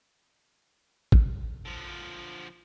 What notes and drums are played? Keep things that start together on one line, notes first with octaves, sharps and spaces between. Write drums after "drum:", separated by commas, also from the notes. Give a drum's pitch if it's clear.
drum: kick
D3 F3